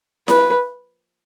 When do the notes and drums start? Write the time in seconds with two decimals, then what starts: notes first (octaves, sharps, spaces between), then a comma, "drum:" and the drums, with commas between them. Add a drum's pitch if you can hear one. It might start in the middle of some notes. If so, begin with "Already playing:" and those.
0.28 B4, drum: snare E4